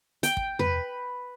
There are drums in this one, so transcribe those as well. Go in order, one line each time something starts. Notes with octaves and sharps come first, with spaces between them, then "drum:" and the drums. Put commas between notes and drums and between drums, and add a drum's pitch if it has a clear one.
G5, drum: hi-hat
drum: kick
B4, drum: tom E2